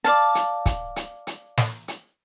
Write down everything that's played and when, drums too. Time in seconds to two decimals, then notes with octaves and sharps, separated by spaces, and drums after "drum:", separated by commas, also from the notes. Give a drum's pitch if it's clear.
0.04 D5 F5 A5, drum: hi-hat
0.35 drum: hi-hat
0.66 drum: kick, hi-hat
0.96 drum: hi-hat
1.27 drum: hi-hat
1.57 drum: snare
1.88 drum: hi-hat